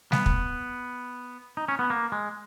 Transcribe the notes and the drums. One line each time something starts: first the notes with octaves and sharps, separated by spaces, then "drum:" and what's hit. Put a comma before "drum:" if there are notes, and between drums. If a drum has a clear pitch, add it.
B3, drum: snare G3
drum: kick
D#4
C#4
B3
A#3
G#3